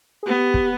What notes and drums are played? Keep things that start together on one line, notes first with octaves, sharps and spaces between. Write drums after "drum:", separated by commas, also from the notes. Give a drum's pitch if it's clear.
G#4
B3 G4
drum: kick